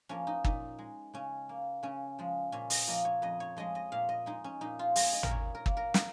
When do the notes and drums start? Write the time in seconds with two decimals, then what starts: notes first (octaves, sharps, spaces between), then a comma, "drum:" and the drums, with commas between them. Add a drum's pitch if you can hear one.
0.09 F3 A#3 C#4
0.27 D#4
0.44 A#2 D#4, drum: kick
0.79 G#3
1.14 C#3 C#4
1.49 A#3
1.83 C#3 C#4
2.19 F3 G#3
2.52 A#2 C#4
2.70 D#5, drum: open hi-hat
2.87 F3 A#3 D#5
3.05 C#5
3.22 F2 D#5
3.40 C#5
3.57 F3 G#3 D#5
3.75 D#5
3.92 A#2 F5
4.09 D#5
4.26 G#3 D#4
4.44 C#4
4.61 A#2 D#4
4.79 F4
4.96 G#3 G#4, drum: open hi-hat
5.13 D#5
5.23 A#4, drum: tom
5.30 A#2 C#5
5.55 A#4
5.66 A#3, drum: kick
5.77 A#4
5.94 A#4, drum: snare